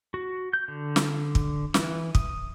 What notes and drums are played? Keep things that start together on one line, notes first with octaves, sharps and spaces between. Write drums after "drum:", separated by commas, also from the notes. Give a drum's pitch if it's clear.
F#4
G6
D3
drum: snare
drum: kick
E3, drum: snare
D#6, drum: kick